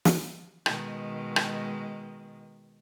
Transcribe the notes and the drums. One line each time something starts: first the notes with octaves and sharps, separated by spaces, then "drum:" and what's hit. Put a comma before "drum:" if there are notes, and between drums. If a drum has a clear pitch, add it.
drum: snare
B2 D#3 G#3, drum: rim click
drum: rim click